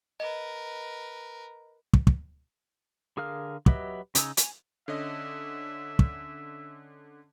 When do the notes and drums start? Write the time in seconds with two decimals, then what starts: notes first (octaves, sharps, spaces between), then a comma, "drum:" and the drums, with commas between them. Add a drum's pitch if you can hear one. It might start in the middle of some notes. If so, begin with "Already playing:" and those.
0.20 A#4 B4 D#5
1.93 drum: kick
2.07 drum: kick
3.17 D3 G#4 A#4 F5 F6
3.66 F#3 G4 B4 D#5 E5, drum: kick
4.15 C#3 D#4 G#5 E6, drum: hi-hat
4.37 G#5, drum: hi-hat
4.88 D3 C#4 D#5 E5
5.99 drum: kick